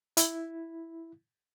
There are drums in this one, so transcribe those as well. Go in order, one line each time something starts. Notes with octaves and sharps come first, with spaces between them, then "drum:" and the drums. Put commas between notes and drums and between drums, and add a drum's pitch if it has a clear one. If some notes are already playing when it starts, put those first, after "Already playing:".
E4, drum: hi-hat